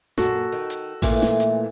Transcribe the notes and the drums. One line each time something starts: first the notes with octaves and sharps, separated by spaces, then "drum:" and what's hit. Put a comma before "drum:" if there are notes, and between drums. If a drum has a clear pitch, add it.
F#2 A#2 F#4 A4, drum: snare
D#3
drum: hi-hat
A#2 E3 A3, drum: kick A1, open hi-hat
drum: snare
drum: hi-hat